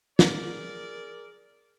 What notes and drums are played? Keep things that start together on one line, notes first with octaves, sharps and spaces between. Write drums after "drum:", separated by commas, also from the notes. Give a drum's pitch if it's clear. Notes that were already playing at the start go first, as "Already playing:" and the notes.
G#4 A#4 D5, drum: snare